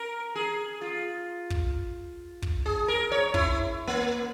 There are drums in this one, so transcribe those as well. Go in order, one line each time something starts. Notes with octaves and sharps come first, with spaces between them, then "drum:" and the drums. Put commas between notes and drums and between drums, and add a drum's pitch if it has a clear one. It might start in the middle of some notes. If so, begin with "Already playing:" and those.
Already playing: A#4
G#4
F4
drum: kick
drum: kick
G#4
A#4
C#5
E4, drum: kick
A#3